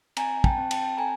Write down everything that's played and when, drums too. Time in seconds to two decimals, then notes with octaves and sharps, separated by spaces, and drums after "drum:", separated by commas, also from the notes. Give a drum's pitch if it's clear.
0.17 C4 G#5 A#5, drum: cymbal
0.44 G5 A5, drum: kick
0.58 C4
0.71 G5 A5, drum: cymbal
0.97 A4 G#5 A#5